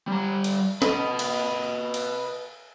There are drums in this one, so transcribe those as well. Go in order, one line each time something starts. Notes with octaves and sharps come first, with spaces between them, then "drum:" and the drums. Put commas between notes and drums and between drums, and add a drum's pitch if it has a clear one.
G3 A#5
drum: cymbal
B4 D#5, drum: snare
drum: cymbal
drum: cymbal